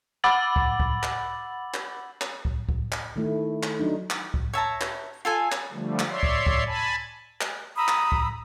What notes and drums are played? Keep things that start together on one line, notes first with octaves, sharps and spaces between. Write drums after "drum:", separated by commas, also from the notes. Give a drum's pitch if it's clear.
F#5 B5 D6 E6 A6 F#7
drum: kick C#2
drum: kick C#2
drum: clap
drum: clap
drum: clap
drum: kick C#2
drum: kick C#2
drum: clap
D#3 A3 E4
drum: clap
F#3 D4 D#4
drum: clap
drum: kick C#2
C#5 E5 A5 A#5
drum: clap
F4 A4 G#5
drum: clap
D3 F3 G3 A3
drum: clap
C#5 D5 E5 C6
drum: kick C#2
drum: kick C#2
G#5 A5 B5
drum: clap
A#5 B5 D#6 E6
drum: clap
drum: kick C#2